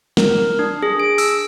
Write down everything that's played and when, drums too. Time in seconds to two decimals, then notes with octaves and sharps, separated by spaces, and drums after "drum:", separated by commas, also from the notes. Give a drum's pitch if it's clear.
0.17 A#4, drum: snare
0.59 D4
0.83 G#4
0.99 D7
1.18 E6, drum: open hi-hat